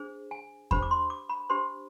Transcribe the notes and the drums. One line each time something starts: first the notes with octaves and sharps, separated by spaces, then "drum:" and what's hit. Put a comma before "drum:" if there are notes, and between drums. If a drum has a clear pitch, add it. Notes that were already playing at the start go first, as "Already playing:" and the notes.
Already playing: D4 G#4 C5
G#5
D4 G4 C5 B5, drum: kick E2
D6
C6
D6
B5
D4 G4 C5 C6